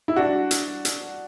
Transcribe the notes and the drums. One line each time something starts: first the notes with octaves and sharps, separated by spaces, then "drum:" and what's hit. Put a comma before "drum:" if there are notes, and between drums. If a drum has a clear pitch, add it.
E4
D4 F#4
drum: hi-hat
drum: hi-hat